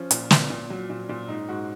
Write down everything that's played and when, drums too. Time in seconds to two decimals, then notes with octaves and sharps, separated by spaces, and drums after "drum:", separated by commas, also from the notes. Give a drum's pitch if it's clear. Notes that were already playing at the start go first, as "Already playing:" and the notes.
Already playing: F3 C#4
0.11 A#2, drum: hi-hat
0.31 A#2, drum: snare
0.50 A#2
0.70 F#3
0.90 A#2
1.09 A#2
1.28 G#2 D#4
1.49 G#2 F#4